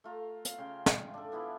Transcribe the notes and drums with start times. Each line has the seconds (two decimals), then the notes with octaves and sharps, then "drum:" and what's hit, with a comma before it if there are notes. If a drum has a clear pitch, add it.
0.04 A3 F4 A#5
0.45 F5, drum: hi-hat
0.58 C#3 F4 G5 C6
0.86 drum: snare
1.14 D4 A4
1.32 E3 B3 E4 F4